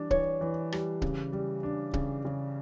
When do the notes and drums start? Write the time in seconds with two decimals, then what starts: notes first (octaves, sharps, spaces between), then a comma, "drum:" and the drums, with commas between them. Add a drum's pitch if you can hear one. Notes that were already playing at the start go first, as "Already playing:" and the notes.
Already playing: E3 G3 D4
0.11 E3 C#5, drum: kick C#1
0.41 E3
0.72 G3, drum: rim click
1.02 C#3, drum: kick C#1
1.32 G3
1.63 D4
1.94 C#3, drum: kick C#1
2.25 C#3